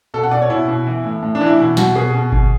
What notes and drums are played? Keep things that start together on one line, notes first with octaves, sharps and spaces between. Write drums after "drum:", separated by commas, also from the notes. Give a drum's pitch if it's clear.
B2 A4
F#5
B2 D5
C#5
B2 E4
B2
E3
A2
A2
D4
E3
E4
B2 E4
B2 F#4, drum: snare
B2 G#4
B2
B2, drum: kick G1